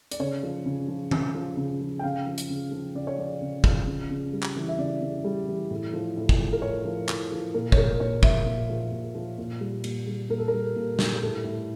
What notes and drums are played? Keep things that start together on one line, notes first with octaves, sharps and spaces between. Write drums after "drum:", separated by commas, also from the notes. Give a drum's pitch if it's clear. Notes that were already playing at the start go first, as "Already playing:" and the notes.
D5, drum: hi-hat
C#3 C#5
F3
C#3
F3
C#3, drum: tom D#3
F3
C#3
F3
G5
C#3 F5
F3
drum: hi-hat
C#3
F3
C#3 D5
C#5
F3 D5
C#3
F3, drum: kick
C#3
C#3
G3
drum: clap
E3
E5
C#3 D5
C#3
G3
E3
A2
F3
A2
drum: kick
F3
A#4
A2 C#5
F3
A2, drum: clap
F3
A#2 A#4
C#5, drum: kick
F3 A#4
A#2 C#5
F3 E5, drum: kick
A#2
F3
A#2
F3
A#2
G3
A#2, drum: cymbal
G3
A#2 A#4
A4
A#4
G3
A#2
G3, drum: snare
A2 A4
A2